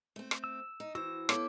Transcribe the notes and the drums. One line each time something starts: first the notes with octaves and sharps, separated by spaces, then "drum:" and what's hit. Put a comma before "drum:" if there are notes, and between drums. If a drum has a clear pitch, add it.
A3 C4
drum: rim click
E6
D#4
E3 F#4 C5 E6
B3 E4 A4 C#5 D6, drum: rim click